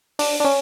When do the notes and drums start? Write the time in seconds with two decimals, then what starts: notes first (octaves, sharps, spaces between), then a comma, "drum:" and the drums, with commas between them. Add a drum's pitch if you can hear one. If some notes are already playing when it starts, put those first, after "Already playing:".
0.19 D4, drum: open hi-hat
0.40 D4
0.45 C#4